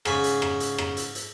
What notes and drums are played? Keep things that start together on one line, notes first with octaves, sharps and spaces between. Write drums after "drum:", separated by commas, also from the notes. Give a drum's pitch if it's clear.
G#2 C#3 G#5 B5 C#6, drum: rim click
drum: hi-hat
drum: rim click
drum: hi-hat
drum: rim click
drum: hi-hat
drum: hi-hat